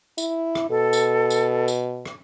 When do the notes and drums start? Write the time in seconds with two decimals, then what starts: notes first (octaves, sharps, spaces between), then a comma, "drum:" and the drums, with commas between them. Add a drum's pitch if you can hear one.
0.18 E4, drum: tambourine
0.55 drum: rim click
0.70 B2 A4
0.93 drum: tambourine
1.30 drum: tambourine
1.68 drum: tambourine
2.05 drum: rim click